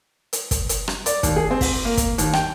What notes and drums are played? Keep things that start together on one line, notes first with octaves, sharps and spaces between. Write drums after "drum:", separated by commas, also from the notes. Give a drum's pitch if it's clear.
drum: hi-hat
drum: kick, hi-hat
drum: hi-hat
drum: rim click
D5, drum: hi-hat
D#2, drum: kick, hi-hat
G#4
C4
drum: kick, open hi-hat
A#3
drum: kick, hi-hat
D#2, drum: hi-hat
G5, drum: rim click